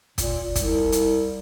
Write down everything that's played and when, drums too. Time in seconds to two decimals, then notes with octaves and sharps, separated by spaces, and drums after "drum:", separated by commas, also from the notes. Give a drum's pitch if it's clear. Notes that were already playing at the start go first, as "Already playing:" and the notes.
0.18 A#2, drum: kick, hi-hat
0.55 C2, drum: kick, hi-hat
0.92 drum: hi-hat